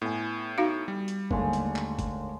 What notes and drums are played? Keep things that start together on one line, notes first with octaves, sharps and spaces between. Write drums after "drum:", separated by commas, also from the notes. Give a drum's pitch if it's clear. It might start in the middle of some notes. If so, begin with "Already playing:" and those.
A2 B3 G#5
D#4 F#4 F5
G3
drum: hi-hat
D#2 D3 G#3 A3 C#5, drum: kick F#1
drum: hi-hat
drum: clap
drum: kick F#1, hi-hat